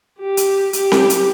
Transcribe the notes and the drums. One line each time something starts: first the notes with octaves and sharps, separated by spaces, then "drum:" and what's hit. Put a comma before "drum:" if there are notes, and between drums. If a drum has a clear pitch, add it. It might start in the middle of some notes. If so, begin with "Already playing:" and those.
G4
drum: hi-hat
G4, drum: hi-hat
drum: snare C4
drum: hi-hat